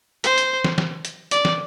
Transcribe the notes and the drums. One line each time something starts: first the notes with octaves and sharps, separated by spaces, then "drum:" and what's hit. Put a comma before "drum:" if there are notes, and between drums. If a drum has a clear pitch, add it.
C5, drum: hi-hat
drum: hi-hat
drum: snare
drum: snare
drum: hi-hat
D5, drum: hi-hat
drum: snare